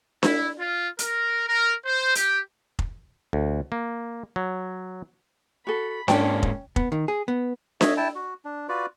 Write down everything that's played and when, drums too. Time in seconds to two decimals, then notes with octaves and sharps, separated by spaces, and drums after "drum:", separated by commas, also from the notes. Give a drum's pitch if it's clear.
0.23 E4, drum: snare D4
0.58 F4
0.99 A#4, drum: hi-hat
1.47 A#4
1.85 C5
2.15 G4, drum: hi-hat
2.79 drum: kick F1
3.33 D2
3.72 A#3
4.36 F#3
5.67 F#4 A4 B5
6.08 G#2 A#3 C#4 D4 G5, drum: snare D4
6.43 drum: kick F1
6.76 B3, drum: kick F1
6.92 D#3
7.08 G#4
7.28 B3
7.81 C#5 D#5 E5, drum: snare D4
7.97 E4 G5 A5
8.15 F#4
8.45 D4
8.69 F4 F#4 B4 D5